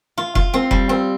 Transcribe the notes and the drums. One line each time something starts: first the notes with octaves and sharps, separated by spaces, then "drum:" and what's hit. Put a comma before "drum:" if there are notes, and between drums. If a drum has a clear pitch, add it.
F4
F4, drum: kick F1
C4
G3, drum: kick F1
C4